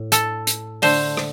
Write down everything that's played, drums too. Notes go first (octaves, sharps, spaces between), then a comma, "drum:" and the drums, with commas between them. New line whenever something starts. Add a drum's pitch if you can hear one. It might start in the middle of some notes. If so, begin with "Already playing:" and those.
Already playing: A2
A4, drum: hi-hat
drum: hi-hat
D3 A3 C5, drum: open hi-hat
drum: rim click